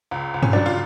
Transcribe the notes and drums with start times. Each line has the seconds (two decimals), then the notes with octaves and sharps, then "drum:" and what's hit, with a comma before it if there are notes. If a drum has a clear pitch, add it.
0.11 C#2
0.34 C#2
0.43 C#4, drum: tom G2
0.53 F#3 D4
0.66 F4